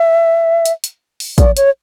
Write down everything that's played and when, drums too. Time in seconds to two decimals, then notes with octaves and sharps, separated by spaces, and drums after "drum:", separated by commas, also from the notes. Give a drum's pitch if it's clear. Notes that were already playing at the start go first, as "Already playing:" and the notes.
Already playing: E5
0.66 drum: hi-hat
0.84 drum: hi-hat
1.20 drum: open hi-hat
1.38 D5, drum: kick, hi-hat
1.57 C#5, drum: hi-hat